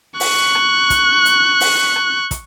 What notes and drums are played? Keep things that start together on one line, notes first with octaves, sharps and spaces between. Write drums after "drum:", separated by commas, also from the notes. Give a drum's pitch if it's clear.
C#6 F#6, drum: open hi-hat
drum: rim click
drum: kick, hi-hat
drum: hi-hat
drum: open hi-hat
drum: rim click
drum: kick, hi-hat